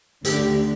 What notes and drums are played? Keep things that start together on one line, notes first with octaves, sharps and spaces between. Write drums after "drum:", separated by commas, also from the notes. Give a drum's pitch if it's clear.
D2 D3 G4, drum: hi-hat